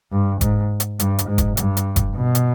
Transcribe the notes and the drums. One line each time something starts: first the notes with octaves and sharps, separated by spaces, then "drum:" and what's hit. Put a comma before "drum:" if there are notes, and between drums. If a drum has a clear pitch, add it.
G2
G#2, drum: kick F1, hi-hat
drum: hi-hat
G2, drum: hi-hat
drum: hi-hat
G#2
drum: kick F1, hi-hat
G2, drum: hi-hat
drum: hi-hat
drum: kick F1, hi-hat
B2
drum: hi-hat